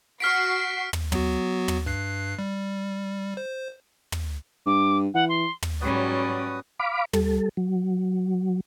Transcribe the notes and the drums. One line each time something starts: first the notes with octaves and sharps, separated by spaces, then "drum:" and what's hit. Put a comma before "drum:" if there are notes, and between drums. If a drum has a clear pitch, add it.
F#4 F6 B6 C7 D7
drum: tom
F#3 B3 F#4, drum: tom
drum: tom
G2 F#6 C7
G3
C5
drum: tom
G2 D6
E3 F#5
C6
drum: tom
G#2 F#3 G3 C#4 F#4 B4 D5 D#6
F5 B5 D6
G3 A4, drum: tom
F#3